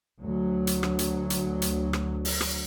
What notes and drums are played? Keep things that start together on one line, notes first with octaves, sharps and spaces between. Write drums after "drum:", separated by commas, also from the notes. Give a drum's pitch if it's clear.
D2 F#3
drum: hi-hat
drum: rim click
drum: hi-hat
drum: hi-hat
drum: hi-hat
drum: rim click
drum: open hi-hat
drum: rim click